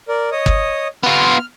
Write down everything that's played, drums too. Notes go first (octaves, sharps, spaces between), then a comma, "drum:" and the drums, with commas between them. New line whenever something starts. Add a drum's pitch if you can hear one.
A#4 D5
C#5 D#5 D#6
drum: kick
B3 F4 F6